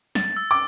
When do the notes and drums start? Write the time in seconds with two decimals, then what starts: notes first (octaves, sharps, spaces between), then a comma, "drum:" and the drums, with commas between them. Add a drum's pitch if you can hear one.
0.15 A6, drum: snare
0.36 E6
0.51 D6